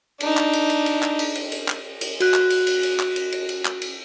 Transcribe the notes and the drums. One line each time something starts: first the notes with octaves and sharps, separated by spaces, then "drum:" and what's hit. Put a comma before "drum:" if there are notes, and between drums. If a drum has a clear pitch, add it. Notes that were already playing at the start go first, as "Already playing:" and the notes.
D4 D#4, drum: cymbal
drum: clap
drum: cymbal
drum: cymbal
drum: cymbal
drum: clap
drum: cymbal
drum: cymbal
drum: cymbal
drum: clap
drum: cymbal
F#4 F#6, drum: cymbal
drum: clap
drum: cymbal
drum: cymbal
drum: cymbal
drum: clap
drum: cymbal
drum: cymbal
drum: cymbal
drum: clap
drum: cymbal